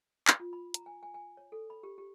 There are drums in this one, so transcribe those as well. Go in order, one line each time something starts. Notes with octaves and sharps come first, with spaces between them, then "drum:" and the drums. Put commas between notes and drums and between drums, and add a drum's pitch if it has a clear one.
drum: clap
F4
B5
A#5, drum: hi-hat
G#5
G#5
G#5
C#5
A4
B5
G4
G4